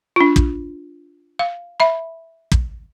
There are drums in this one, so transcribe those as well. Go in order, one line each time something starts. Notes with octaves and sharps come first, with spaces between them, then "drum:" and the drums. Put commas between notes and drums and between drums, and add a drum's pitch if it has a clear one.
D4 F4
drum: kick
F5
E5 B5
drum: kick